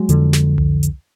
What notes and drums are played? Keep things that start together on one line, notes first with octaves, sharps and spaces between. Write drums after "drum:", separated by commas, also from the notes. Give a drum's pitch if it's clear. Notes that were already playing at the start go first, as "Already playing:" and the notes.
Already playing: F#3 G#3
F2 D3, drum: hi-hat
drum: snare
drum: tom C2
drum: hi-hat